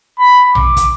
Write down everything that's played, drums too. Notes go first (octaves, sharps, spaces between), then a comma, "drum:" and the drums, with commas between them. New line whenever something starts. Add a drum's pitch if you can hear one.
B5
D6, drum: tom A#1
drum: kick, hi-hat